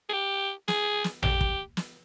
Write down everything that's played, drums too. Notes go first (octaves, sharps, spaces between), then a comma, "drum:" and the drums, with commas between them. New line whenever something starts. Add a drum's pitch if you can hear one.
G#4
G4
G#4, drum: snare
drum: snare
G4, drum: tom A1
drum: kick
drum: snare